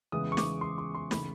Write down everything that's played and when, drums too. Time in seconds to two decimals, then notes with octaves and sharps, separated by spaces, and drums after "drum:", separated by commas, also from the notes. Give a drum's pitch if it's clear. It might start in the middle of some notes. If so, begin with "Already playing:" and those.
0.12 E2 C#3 E3 G#3 B3 D#6
0.32 C#6
0.37 D6, drum: snare
0.61 C6
0.78 C6
0.95 C6
1.11 C#3 E3 A3 B5, drum: snare